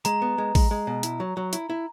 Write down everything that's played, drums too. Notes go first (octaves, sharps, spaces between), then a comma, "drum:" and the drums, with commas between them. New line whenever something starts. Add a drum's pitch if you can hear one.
G#3 A#5, drum: hi-hat
B3
G#3
G#3, drum: kick, open hi-hat
G#3
B2
E4, drum: hi-hat
F#3
F#3
E4, drum: hi-hat
E4